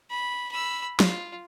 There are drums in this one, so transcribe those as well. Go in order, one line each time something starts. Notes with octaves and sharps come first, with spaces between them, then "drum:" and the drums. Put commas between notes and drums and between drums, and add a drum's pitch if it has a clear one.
B5
B5 E6
F4, drum: snare